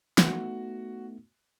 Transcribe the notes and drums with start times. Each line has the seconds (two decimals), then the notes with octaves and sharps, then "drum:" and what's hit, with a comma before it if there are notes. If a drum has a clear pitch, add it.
0.18 A3 B3 D#4 F#4, drum: snare